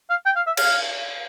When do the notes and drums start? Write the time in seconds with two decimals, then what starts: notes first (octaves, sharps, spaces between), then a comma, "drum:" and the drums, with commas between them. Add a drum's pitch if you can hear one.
0.10 F5
0.26 G5
0.36 F5
0.47 E5
0.57 F5, drum: cymbal